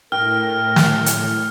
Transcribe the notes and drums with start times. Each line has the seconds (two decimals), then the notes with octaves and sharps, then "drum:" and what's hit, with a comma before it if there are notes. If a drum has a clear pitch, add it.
0.12 A2 A#4 G5 F6
0.76 drum: snare
1.06 drum: hi-hat